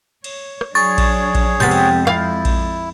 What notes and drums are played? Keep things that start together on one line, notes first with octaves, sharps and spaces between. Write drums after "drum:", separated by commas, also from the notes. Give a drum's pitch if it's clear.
C#5, drum: cymbal
drum: rim click
F#3 D4 G#4 C#5 C#6 A6
drum: kick A#1, cymbal
drum: kick A#1, cymbal
F2 C3 G#3 B3 G6 A6
drum: cymbal
E4 F5, drum: rim click
drum: kick A#1, cymbal